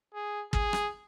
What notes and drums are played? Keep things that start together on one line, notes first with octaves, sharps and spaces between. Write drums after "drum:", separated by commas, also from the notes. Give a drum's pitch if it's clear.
G#4
G#4, drum: kick
drum: rim click